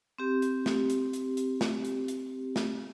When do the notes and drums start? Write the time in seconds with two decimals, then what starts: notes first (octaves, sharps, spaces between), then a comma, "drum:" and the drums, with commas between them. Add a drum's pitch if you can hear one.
0.18 C4 G4
0.42 drum: hi-hat
0.66 drum: snare
0.90 drum: hi-hat
1.13 drum: hi-hat
1.37 drum: hi-hat
1.61 drum: snare
1.85 drum: hi-hat
2.08 drum: hi-hat
2.56 drum: snare